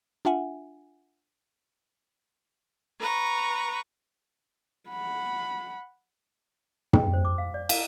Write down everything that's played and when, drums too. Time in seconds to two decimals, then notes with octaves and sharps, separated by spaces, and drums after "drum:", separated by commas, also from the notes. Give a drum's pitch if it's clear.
0.25 D4 F4 E5 F#5 G#5
2.98 B4 A#5 C#6
4.89 F#5 B5
6.93 G5, drum: tom
7.13 C5
7.25 D6
7.38 F5
7.54 D5
7.69 F5, drum: cymbal